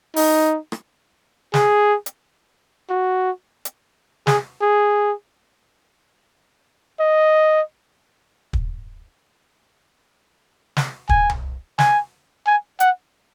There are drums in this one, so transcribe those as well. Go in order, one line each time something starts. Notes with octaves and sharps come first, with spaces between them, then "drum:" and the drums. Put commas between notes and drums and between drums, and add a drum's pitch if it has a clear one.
D#4, drum: open hi-hat
drum: rim click
G#4, drum: snare
drum: hi-hat
F#4
drum: hi-hat
G#4, drum: snare
G#4
D#5
drum: kick
drum: snare
G#5, drum: kick
drum: tom C2
G#5, drum: snare
G#5
F#5, drum: hi-hat